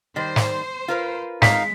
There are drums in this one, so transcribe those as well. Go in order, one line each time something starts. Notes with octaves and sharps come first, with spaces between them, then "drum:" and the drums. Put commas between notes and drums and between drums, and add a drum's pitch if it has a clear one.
D#3 G3 C5
drum: snare
F4 A#4 B4
G#3 D#4 F5 B6, drum: snare